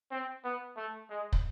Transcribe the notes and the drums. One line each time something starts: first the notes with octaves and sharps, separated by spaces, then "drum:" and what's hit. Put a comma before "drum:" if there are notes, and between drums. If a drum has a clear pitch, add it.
C4
B3
A3
G#3
drum: kick